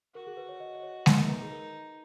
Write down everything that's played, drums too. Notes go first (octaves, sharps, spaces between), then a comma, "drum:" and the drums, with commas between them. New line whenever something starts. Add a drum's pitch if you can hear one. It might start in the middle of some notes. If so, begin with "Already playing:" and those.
F#4 A#4
G#4
B4
C#5
D#5
D#5
C#5
D#4 B4, drum: snare G#3
A#4
B4
G#4
A#4